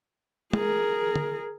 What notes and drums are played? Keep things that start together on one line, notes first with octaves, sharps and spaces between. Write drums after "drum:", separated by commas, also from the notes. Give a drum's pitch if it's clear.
G#4 A#4, drum: tom
drum: tom D3